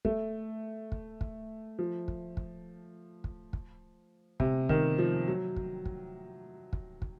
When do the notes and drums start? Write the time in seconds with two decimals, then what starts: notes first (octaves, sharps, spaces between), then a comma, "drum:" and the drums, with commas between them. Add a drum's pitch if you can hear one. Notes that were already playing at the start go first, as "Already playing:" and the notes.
0.05 A3, drum: kick
0.92 drum: kick
1.21 drum: kick
1.79 F3
2.08 drum: kick
2.37 drum: kick
3.24 drum: kick
3.53 drum: kick
4.40 C3, drum: kick
4.69 D#3, drum: kick
4.98 F3
5.28 F#3
5.56 drum: kick
5.86 drum: kick
6.73 drum: kick
7.02 drum: kick